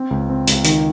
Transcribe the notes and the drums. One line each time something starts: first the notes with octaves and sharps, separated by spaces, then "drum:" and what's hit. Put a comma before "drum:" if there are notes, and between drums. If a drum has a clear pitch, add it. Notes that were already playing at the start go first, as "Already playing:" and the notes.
Already playing: C4
C#2
C4
C#2, drum: hi-hat
D#3, drum: hi-hat